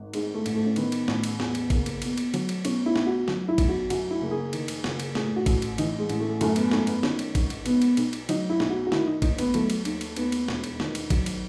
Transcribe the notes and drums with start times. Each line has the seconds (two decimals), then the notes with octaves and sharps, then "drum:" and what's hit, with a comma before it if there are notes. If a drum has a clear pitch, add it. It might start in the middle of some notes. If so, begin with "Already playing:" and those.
Already playing: G#1
0.13 G#2 G#3, drum: cymbal
0.34 A3
0.46 A1, drum: cymbal
0.55 A3
0.66 C#4
0.76 D#3 B3, drum: cymbal
0.92 drum: cymbal
1.08 A1, drum: snare
1.23 drum: cymbal
1.40 E2, drum: snare
1.55 drum: cymbal
1.70 F#1, drum: kick G#1, cymbal
1.86 drum: cymbal
2.02 B2, drum: cymbal
2.18 drum: cymbal
2.34 F#3, drum: cymbal
2.49 drum: cymbal
2.65 B2 C#4, drum: cymbal
2.86 E4
2.96 B1, drum: snare
3.07 F#4
3.28 F#3, drum: snare
3.48 E4
3.58 B1, drum: kick G#1, cymbal
3.69 F#4
3.90 F#2 F#4, drum: cymbal
4.11 E4
4.22 F#1
4.31 G#4
4.53 D#3, drum: cymbal
4.68 drum: cymbal
4.84 F#1, drum: snare
5.00 drum: cymbal
5.15 A2 G#4, drum: snare
5.36 F#4
5.46 A1, drum: kick G#1, cymbal
5.62 drum: cymbal
5.78 E3 D#4, drum: cymbal
5.98 G#3
6.09 A1, drum: cymbal
6.20 A3
6.41 F#2 A3, drum: cymbal
6.56 B3, drum: cymbal
6.71 G#1 A3, drum: snare
6.87 B3, drum: cymbal
7.03 D#3 C#4, drum: snare
7.19 drum: cymbal
7.35 G#1, drum: kick G#1, cymbal
7.50 drum: cymbal
7.66 B2 B3, drum: cymbal
7.82 drum: cymbal
7.97 B1, drum: cymbal
8.13 drum: cymbal
8.29 F#3 D#4, drum: cymbal
8.50 E4
8.60 B1, drum: snare
8.70 F#4
8.87 F#4
8.92 D#3 E4, drum: snare
9.07 D#4
9.22 D#2 D#4, drum: kick G#1, cymbal
9.38 B3, drum: cymbal
9.54 F#3 A3, drum: cymbal
9.70 drum: cymbal
9.85 D#2, drum: cymbal
10.01 drum: cymbal
10.16 D#2 B3, drum: cymbal
10.32 drum: cymbal
10.48 E1, drum: snare
10.64 drum: cymbal
10.80 D#3, drum: snare
10.95 drum: cymbal
11.10 F#3, drum: kick G#1, cymbal
11.26 drum: cymbal